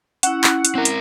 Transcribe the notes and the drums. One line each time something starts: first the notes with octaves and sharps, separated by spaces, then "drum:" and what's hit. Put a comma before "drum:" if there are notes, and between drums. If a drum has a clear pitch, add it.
C#4 E4 F#5, drum: hi-hat
drum: clap
drum: hi-hat
C4 A#4
drum: hi-hat